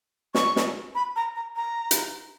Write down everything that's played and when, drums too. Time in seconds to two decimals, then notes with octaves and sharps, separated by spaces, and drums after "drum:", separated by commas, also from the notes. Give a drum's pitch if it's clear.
0.35 C#6, drum: snare
0.56 drum: snare
0.95 B5
1.16 A#5
1.35 A#5
1.56 A#5
1.91 drum: hi-hat